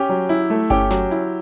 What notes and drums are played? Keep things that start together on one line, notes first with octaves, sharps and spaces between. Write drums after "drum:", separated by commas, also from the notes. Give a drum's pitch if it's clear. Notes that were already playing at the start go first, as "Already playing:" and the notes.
Already playing: C#4 G4 G5
F#3
E4
A3
C#4 G4 G5, drum: kick G1, hi-hat
F#3, drum: snare
E4, drum: hi-hat